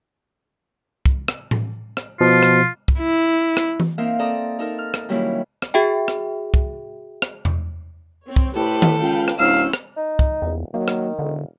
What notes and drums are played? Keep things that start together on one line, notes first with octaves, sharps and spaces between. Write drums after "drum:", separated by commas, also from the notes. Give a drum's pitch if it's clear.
drum: kick
drum: rim click
drum: tom A2
drum: rim click
B2 F3 F4
drum: rim click
drum: kick
E4
drum: rim click
drum: tom E3
A#3 C4 D#4 A#4 E5 F5
C4 A4 D5 A#5 D#6
D#4 A4 A#4
F6
drum: rim click
D#3 F#3 G3 A#3 C#4 E4
drum: rim click
F#4 G#4 E5 G5
drum: rim click
drum: kick
drum: rim click
drum: tom E2
C4 C#5
drum: kick
A2 G4 A4 B4 C5
drum: tom D#3
C#2 B4 F5 G5
drum: rim click
D1 C#4 E4 C5 F5 E6
drum: rim click
D#4
drum: kick
D#1 E2
D#3 F#3 A#3
drum: rim click
E1 D3